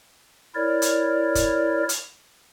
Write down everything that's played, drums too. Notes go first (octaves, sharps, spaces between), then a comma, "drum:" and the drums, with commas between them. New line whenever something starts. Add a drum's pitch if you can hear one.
E4 A#4 C#5 D5
drum: hi-hat
drum: kick, hi-hat
drum: hi-hat